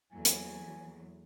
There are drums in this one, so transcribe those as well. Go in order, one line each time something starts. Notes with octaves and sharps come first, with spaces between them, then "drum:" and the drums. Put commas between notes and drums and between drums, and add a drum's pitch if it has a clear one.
E2 F#3 A#3 E4 A4 G#5
drum: hi-hat